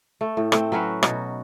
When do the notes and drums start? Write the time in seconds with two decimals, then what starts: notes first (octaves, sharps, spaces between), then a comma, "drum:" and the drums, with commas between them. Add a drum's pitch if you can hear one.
0.21 A3
0.37 A2
0.52 A3 C4, drum: rim click
0.72 F#3 C#4 F#4 B4
1.03 B2 D#4 F#4, drum: rim click